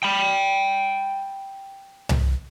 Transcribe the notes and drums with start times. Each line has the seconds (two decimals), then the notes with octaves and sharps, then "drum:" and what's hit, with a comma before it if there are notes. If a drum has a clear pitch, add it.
0.03 G5 B5
2.09 drum: tom C2